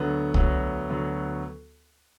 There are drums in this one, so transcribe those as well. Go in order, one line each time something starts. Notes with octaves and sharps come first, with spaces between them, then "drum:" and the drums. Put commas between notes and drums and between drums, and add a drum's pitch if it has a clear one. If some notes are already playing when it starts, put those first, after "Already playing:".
Already playing: D2 D3 F#3 B3
D2 D3 F#3 B3, drum: kick C2
D2 D3 F#3 B3